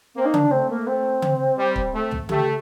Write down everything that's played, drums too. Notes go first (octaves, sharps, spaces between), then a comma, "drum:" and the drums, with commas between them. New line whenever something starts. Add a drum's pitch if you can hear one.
A#3 C4
D#4
D4, drum: tom C#3
A3 C4
A#3
C4
drum: tom C#3
G3
drum: kick
A3
drum: tom
A3 G4, drum: tom C#3